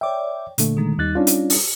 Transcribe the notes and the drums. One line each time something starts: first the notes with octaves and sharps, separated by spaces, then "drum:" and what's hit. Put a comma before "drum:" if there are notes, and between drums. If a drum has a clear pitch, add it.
C#5 D5 E5 G5 D6
A#2 D3 A3, drum: hi-hat
D#3 G#3
D#2 G3 D#4 F#6 A6
C#4 D4 F4
drum: hi-hat
drum: open hi-hat